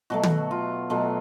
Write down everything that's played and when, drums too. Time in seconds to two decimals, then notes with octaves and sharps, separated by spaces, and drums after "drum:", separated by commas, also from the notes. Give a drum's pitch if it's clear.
0.10 B2 F#3 A3 F#4
0.23 drum: tom
0.51 F4
0.90 B2 F#3 A3 F4